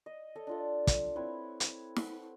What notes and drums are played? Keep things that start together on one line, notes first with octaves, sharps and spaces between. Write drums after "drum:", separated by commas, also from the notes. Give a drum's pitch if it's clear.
D#5
A4 C#5 D#5
D4 F4 A4
drum: kick, hi-hat
C4 E4 B4 C#5
drum: hi-hat
F#5, drum: snare